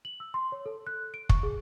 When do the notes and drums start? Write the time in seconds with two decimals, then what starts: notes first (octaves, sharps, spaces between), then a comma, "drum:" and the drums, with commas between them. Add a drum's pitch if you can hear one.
0.05 F#7
0.20 E6
0.34 C6
0.52 C#5
0.66 A4
0.87 F#6
1.14 D7
1.29 C#6, drum: kick
1.43 G#4